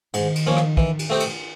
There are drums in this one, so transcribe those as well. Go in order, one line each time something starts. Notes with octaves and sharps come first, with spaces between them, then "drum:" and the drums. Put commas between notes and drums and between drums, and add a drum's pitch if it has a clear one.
G#2 D#3, drum: cymbal
drum: cymbal
F3 A#3 C#4
drum: rim click
E3, drum: kick
drum: cymbal
A3 C4 D#4 G4
drum: cymbal